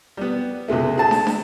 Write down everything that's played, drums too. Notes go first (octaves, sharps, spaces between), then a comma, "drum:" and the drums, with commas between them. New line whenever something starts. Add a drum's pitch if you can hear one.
G3 B3
C#2 B2 G#3 A3
G#4 A5
drum: snare
drum: snare